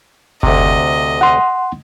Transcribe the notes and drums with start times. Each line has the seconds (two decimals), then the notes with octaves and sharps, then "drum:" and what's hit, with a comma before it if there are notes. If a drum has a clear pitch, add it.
0.43 D2 C3 D#5, drum: kick F#1
1.21 F#5 C6